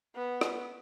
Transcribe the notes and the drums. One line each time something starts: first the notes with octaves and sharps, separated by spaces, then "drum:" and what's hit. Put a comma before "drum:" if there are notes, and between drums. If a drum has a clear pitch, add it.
B3
drum: rim click